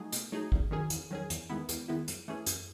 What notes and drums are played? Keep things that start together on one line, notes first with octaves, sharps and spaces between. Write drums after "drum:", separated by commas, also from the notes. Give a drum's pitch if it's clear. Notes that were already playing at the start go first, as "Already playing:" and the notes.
Already playing: F#3 A3 D#4 G#4
B2, drum: hi-hat
F#3 A3 D#4 G#4
E2, drum: kick G#1
D#3 F#3 C#4 G#4
E2, drum: hi-hat
D#3 F#3 C#4 G#4
E2, drum: hi-hat
D#3 G#3 B3 E4
E2, drum: hi-hat
D#3 G#3 B3 E4
F#2, drum: hi-hat
E3 A3 C#4 G#4
F#2, drum: hi-hat